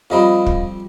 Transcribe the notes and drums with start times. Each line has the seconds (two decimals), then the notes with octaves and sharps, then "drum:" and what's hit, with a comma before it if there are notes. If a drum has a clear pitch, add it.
0.10 F2 G3 C4 F4 D#5 B5
0.46 drum: kick